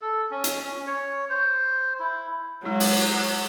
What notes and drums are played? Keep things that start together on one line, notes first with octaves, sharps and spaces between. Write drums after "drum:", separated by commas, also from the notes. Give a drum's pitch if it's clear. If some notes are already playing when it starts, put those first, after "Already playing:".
A4
C#4
drum: hi-hat
C#4
C#5
C5
E4
F#3 G#3 E4
drum: open hi-hat